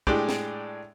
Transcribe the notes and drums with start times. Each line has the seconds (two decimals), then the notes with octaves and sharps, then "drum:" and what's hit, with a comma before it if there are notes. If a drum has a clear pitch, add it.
0.07 A2 G#3 D4 G4 D5, drum: kick
0.29 drum: snare